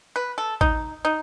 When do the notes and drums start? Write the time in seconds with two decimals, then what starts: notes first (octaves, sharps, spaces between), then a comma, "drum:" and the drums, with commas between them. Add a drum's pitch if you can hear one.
0.16 B4
0.38 A4
0.61 D#4, drum: kick A1
1.05 D#4